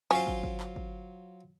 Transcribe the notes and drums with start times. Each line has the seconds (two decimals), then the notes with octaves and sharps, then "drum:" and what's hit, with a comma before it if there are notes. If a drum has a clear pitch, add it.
0.11 F#3 C#4 F4 C5
0.27 drum: kick
0.43 drum: kick
0.60 drum: clap
0.76 drum: kick